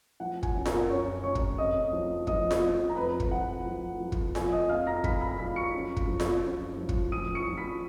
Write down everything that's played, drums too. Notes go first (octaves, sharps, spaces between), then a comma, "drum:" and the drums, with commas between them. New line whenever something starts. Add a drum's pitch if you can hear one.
F3 F#5
G#5, drum: kick
F#2
A#4 A#5, drum: snare F4
F#2 C#5 C#6
C#3 C#5 C#6
drum: kick
F2 D#5 D#6
F3
F3 D#5 D#6, drum: kick
drum: snare F4
F3
A#5
F2 B4 B5
drum: kick
F3 F#5
F3
F3
drum: kick
F3 G#5, drum: snare F4
D#5 D#6
F2 F5 F6
A#5 A#6
F3 B5 B6, drum: kick
B5 B6
F3 B5 B6
C#6 C#7
F#2
drum: kick
F3
drum: snare F4
F#2
F3
drum: kick
F3 D#6 D#7
C#6 C#7
F3
B5 B6